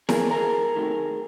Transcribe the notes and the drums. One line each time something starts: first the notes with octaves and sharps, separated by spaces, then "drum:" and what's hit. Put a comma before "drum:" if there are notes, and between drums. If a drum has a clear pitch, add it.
G#4 A#4, drum: snare E4
E2 G#4 A#4
C3 D#3 F#3 A3